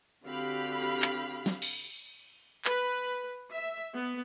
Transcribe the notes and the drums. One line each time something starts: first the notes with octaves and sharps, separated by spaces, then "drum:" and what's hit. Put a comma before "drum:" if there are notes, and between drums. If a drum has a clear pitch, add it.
D3 C4 F#4 G4 F5 B5
drum: clap
drum: snare
drum: cymbal
B4, drum: clap
E5
B3